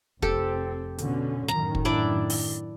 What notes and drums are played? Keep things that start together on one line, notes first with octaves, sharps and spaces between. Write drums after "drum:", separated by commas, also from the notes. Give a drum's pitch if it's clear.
F1 C4 G4 A4, drum: kick
B2 D3 C#4, drum: hi-hat
F#2 A2 D#3 A#5, drum: snare
drum: kick
D4 E4 D5
drum: open hi-hat